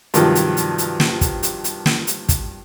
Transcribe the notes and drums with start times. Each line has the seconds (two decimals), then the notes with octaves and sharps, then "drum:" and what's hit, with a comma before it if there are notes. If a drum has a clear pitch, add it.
0.14 G2 C3 D#3 F3 F#3, drum: hi-hat
0.35 drum: hi-hat
0.57 drum: hi-hat
0.78 drum: hi-hat
1.00 drum: snare
1.21 drum: kick, hi-hat
1.43 drum: hi-hat
1.64 drum: hi-hat
1.86 drum: snare
2.07 drum: hi-hat
2.29 drum: kick, hi-hat